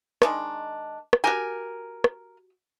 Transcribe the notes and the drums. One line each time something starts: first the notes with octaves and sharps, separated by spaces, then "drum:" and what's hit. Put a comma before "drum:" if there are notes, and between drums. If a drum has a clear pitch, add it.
D#3 G#3 D4, drum: rim click
drum: rim click
F#4 G4 A#4 G5 G#5
drum: rim click